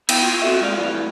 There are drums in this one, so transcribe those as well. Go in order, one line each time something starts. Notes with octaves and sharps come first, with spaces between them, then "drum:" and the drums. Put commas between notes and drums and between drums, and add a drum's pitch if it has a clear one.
B3 E4 B4 F5 G5, drum: cymbal
F4
C4 F#4 A4 E5
G#3 F4 D5 F5
F#2 A2 E3 G3